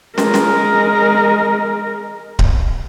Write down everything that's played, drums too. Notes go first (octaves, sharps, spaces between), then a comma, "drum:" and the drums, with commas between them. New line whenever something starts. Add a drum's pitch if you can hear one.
G#3 A#4, drum: snare
drum: snare
drum: kick D1